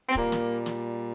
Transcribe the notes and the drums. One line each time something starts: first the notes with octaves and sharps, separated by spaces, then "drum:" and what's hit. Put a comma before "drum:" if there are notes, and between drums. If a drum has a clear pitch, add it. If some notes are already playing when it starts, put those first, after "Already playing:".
C4
A#2 G3 A#3, drum: kick
drum: snare
drum: snare